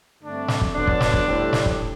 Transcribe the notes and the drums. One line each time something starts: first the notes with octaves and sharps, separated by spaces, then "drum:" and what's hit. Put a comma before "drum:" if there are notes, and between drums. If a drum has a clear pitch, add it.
G2 D3 A3 C4 D4
drum: snare
drum: kick
D3 F#3 B3 D4
drum: kick
drum: snare
drum: kick
A2 G3 C4
drum: snare
drum: kick